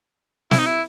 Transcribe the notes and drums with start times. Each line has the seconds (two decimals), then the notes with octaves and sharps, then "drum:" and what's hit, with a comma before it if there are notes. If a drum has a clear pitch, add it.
0.51 E4, drum: snare
0.58 D#4
0.66 E4